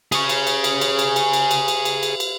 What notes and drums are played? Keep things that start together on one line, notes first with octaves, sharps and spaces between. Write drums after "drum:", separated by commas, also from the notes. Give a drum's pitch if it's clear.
G#4 C#5, drum: cymbal
drum: cymbal
drum: cymbal
drum: cymbal
drum: cymbal
drum: cymbal
drum: cymbal
drum: cymbal
drum: cymbal
drum: cymbal
drum: cymbal
drum: cymbal
drum: cymbal